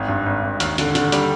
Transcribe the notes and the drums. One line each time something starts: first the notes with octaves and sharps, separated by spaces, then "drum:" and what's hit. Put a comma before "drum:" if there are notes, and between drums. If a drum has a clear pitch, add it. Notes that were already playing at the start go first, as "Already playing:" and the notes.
Already playing: G#1
G2
G#1
G#1
D#2, drum: hi-hat
D3, drum: hi-hat
D3, drum: hi-hat
G3, drum: hi-hat